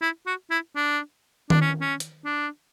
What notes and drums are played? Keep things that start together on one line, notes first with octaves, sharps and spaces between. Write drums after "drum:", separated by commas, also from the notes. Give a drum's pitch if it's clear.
E4
F#4
E4
D4
D4, drum: tom D#3
C#4
C#4
drum: hi-hat
D4